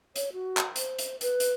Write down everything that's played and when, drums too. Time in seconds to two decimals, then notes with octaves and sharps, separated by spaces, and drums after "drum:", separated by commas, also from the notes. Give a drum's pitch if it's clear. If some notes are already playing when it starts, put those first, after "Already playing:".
0.16 C#5, drum: hi-hat
0.33 F#4
0.57 drum: clap
0.76 C5, drum: hi-hat
0.99 drum: hi-hat
1.21 B4, drum: hi-hat
1.40 drum: hi-hat